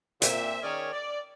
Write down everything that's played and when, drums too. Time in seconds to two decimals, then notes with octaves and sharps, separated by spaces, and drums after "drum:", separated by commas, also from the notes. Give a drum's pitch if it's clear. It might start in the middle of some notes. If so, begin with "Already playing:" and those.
0.22 A#2 C4 E5, drum: hi-hat
0.63 D#3 C#4 G#4 A#4 C#5 D5
0.93 D5